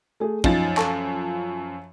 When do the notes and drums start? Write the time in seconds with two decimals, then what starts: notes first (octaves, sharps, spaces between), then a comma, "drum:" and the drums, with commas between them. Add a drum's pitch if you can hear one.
0.20 A3 G#4
0.44 F#2 F3 D#4 A6, drum: kick
0.77 A4 A5 C#6, drum: clap